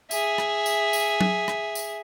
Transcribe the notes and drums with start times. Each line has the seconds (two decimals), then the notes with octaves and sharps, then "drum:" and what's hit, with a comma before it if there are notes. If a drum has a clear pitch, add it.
0.11 G#4 E5, drum: tambourine
0.38 drum: rim click
0.66 drum: tambourine
0.93 drum: tambourine
1.21 drum: tom F#3
1.48 drum: rim click
1.75 drum: tambourine